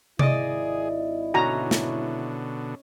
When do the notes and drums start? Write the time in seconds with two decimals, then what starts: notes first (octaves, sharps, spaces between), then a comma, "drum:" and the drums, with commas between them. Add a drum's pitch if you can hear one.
0.19 G#1 E4 G#4 D5 D#5, drum: tom C3
1.34 B2 D3 C#4 F#4 A#5
1.71 drum: snare